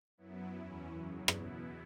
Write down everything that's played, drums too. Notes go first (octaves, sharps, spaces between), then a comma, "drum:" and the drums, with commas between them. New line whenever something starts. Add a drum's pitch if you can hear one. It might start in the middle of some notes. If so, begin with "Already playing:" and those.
F#2 F#3 B3 E4
E2 E3 C#4 E4
F#2 C#3 F#3
E2 B2 B3 E4, drum: rim click